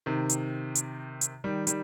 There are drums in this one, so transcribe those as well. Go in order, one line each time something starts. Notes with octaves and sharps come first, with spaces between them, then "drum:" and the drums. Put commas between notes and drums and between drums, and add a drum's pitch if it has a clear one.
C3 D#3
drum: hi-hat
drum: hi-hat
drum: hi-hat
D#3 G3
D#3 G3, drum: hi-hat